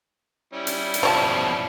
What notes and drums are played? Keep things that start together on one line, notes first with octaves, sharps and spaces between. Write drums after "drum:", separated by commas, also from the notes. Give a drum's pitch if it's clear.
G3 C#4 E4
drum: hi-hat
drum: hi-hat
F2 B2 F3 C#5 A5